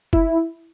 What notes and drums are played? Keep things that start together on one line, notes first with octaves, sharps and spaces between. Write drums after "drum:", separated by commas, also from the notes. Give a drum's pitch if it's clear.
E4, drum: kick